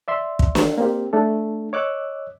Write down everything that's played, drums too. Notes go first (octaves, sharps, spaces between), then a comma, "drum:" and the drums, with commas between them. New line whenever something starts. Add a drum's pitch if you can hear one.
D5 E5 C6
drum: kick
drum: snare
A#3 C4 G4
A3 D4 A4
C#5 D#5 D6 E6 F#6